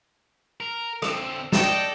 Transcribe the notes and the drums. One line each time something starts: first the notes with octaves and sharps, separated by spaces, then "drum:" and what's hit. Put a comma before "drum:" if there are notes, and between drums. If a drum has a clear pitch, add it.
A#4
D3 C4, drum: rim click
A4 D5 D#5 G5, drum: snare